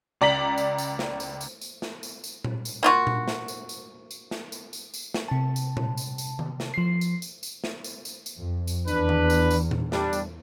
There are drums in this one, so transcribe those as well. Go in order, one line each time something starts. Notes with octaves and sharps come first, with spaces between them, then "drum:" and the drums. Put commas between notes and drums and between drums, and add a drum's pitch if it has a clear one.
C#2 D5 A#5 B6 F#7
drum: tambourine
drum: tambourine
drum: snare
drum: tambourine
drum: tambourine
drum: tambourine
drum: snare
drum: tambourine
drum: tambourine
drum: tom A#2
drum: tambourine
A#3 F4 F#4
drum: tom A#2
drum: snare
drum: tambourine
drum: tambourine
drum: tambourine
drum: snare
drum: tambourine
drum: tambourine
drum: tambourine
drum: snare
C3 A5
drum: tambourine
drum: tom A#2
drum: tambourine
drum: tambourine
drum: tom D#3
drum: snare
F3 C7
drum: tambourine
drum: tambourine
drum: tambourine
drum: snare
drum: tambourine
drum: tambourine
drum: tambourine
F2
drum: tambourine
E2 D4 B4, drum: tambourine
drum: tom D#3
drum: tambourine
drum: tambourine
drum: tom A#2
G3 D4, drum: snare
drum: tambourine